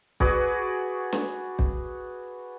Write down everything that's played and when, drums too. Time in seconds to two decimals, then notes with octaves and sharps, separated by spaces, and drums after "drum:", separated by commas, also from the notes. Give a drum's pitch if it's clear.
0.20 F#4 G#4 B4 D5, drum: kick
1.13 drum: snare
1.59 drum: kick